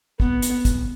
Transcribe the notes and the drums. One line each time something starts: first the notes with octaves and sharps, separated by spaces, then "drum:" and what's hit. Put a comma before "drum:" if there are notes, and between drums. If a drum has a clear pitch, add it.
B3, drum: kick
drum: hi-hat
drum: kick, hi-hat